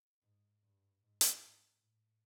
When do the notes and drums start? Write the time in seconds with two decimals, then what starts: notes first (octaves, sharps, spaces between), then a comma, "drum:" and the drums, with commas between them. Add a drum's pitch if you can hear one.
0.22 G#2
0.61 G2
1.00 G#2
1.21 drum: hi-hat
1.40 G#2
1.79 A2